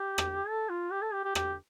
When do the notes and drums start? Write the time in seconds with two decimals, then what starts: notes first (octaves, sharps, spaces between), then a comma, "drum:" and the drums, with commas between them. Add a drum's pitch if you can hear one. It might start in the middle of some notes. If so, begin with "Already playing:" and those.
Already playing: G4
0.18 drum: rim click
0.47 A4
0.69 F4
0.92 G4
1.02 A4
1.12 G4
1.25 G4
1.35 G4, drum: rim click